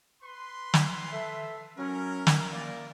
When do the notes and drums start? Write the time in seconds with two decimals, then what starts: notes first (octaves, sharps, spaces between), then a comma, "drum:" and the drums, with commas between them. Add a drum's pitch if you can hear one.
0.23 B4 C6
0.74 drum: snare
1.12 A4 E5
1.77 F#3 C#4 E4 A#4
2.27 drum: snare
2.52 A#3 D5